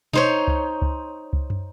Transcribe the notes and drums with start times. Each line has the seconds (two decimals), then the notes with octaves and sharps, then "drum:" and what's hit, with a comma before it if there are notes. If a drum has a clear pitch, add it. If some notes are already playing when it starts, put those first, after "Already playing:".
0.13 D#4 C5 C#5, drum: tom B2
0.48 drum: kick C#2
0.82 drum: kick C#2
1.33 drum: kick C#2
1.50 drum: tom